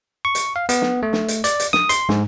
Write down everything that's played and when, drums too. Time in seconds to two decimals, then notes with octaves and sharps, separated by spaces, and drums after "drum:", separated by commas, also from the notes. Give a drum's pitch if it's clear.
0.25 C#6
0.35 drum: hi-hat
0.56 F5
0.69 B3, drum: hi-hat
0.82 drum: snare
1.03 A3
1.13 drum: snare
1.28 drum: hi-hat
1.44 D5, drum: hi-hat
1.60 drum: hi-hat
1.73 D#6, drum: snare
1.89 C6, drum: hi-hat
2.09 G#2, drum: snare